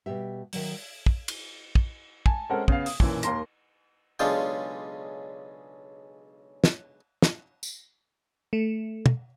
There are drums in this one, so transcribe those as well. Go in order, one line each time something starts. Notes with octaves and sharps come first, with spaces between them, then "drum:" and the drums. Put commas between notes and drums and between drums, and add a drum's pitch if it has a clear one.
B2 G3 G4 E5
D#3 F#3, drum: open hi-hat
drum: kick
drum: cymbal
drum: kick
G#5 A5, drum: kick
G#3 C4 C#4 A4 A#4 F#5
C#3 B3 F5, drum: kick
D#6, drum: open hi-hat
B1 F#2 A#2 E3, drum: kick
D#2 A#3 A#5 C6 A#6, drum: hi-hat
B1 C#3 G#3 D4 F4 G5
drum: snare
drum: snare
drum: tambourine
A3
drum: tom